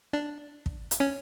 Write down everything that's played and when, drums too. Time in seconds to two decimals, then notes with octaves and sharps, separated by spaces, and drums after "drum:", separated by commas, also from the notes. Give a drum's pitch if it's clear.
0.13 D4
0.66 drum: kick
0.91 drum: hi-hat
1.00 C#4